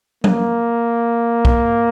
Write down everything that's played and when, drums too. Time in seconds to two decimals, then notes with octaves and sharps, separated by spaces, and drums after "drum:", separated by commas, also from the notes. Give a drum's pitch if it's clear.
0.24 A#3, drum: tom F#3
1.45 drum: kick B1